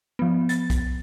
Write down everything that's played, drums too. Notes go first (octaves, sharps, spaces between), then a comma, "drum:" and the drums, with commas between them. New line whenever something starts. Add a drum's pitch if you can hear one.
F3 B3
A6, drum: hi-hat
drum: kick B1, hi-hat